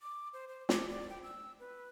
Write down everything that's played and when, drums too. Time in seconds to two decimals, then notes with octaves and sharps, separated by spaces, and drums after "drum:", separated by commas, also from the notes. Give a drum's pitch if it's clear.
0.01 D6
0.33 C5
0.48 C5
0.69 D6, drum: snare
0.89 D5
1.09 G5
1.23 E6
1.59 B4